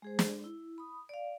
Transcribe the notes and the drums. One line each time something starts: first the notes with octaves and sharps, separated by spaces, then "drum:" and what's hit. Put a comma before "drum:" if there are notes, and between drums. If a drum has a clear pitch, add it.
G#3 G#4 C5
drum: snare
E4
B5 D#6
D5 F5